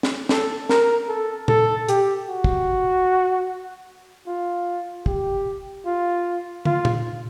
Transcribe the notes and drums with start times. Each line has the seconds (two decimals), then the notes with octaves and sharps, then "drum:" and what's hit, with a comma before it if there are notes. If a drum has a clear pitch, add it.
0.03 drum: snare
0.29 A4, drum: snare
0.69 A#4, drum: snare
1.08 A4
1.48 A4, drum: tom A#2
1.88 G4, drum: hi-hat
2.28 F#4
2.44 drum: kick
4.27 F4
5.06 G4, drum: kick
5.86 F4
6.65 F4, drum: tom
6.85 drum: tom A#2